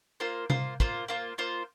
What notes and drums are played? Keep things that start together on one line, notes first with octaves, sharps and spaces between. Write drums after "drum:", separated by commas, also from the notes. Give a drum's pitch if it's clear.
A#3 F4 C5
A#3 F4 C5, drum: tom C3
A#3 F4 C5, drum: kick
A#3 F4 C5
A#3 F4 C5